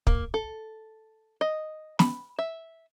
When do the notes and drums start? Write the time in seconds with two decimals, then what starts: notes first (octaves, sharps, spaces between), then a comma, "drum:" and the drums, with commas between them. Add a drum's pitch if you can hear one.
0.07 A#3, drum: kick
0.34 A4
1.41 D#5
1.99 B5, drum: snare
2.39 E5